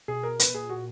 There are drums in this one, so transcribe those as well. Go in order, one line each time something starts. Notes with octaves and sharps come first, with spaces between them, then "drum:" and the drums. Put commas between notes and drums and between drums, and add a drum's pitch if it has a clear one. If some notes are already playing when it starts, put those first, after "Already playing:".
B2 G#4
A#4
B4, drum: hi-hat
B2
A#2 G#4
F#4